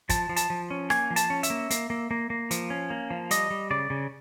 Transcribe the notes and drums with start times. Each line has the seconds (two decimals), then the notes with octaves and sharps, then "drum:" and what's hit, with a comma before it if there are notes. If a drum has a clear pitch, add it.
0.09 F3 A5, drum: kick, hi-hat
0.29 F3
0.36 A5, drum: hi-hat
0.50 F3
0.70 C#4
0.90 A#3 G#5, drum: rim click
1.11 F3
1.16 A5, drum: hi-hat
1.30 C#4
1.43 E5, drum: hi-hat
1.50 A#3
1.70 A#3, drum: hi-hat
1.90 A#3
2.11 A#3
2.30 A#3
2.51 F3, drum: hi-hat
2.70 C#4
2.90 A#3
3.10 F3
3.31 G3 D#5, drum: hi-hat
3.51 G3
3.70 C#3 D5
3.90 C#3